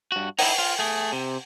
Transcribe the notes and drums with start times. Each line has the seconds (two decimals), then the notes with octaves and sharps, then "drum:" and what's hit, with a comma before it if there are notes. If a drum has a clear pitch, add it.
0.12 G2 F#4
0.39 D#4 E4, drum: open hi-hat
0.58 F4
0.79 A3 G#4
1.12 C3